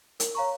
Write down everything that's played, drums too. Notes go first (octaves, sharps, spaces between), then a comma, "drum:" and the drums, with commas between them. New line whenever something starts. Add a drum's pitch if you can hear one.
A#4, drum: hi-hat
C#5 F5 A#5 C#6